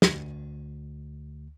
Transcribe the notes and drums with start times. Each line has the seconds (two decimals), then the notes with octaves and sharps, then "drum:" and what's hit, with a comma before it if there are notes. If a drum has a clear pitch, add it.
0.02 D2, drum: snare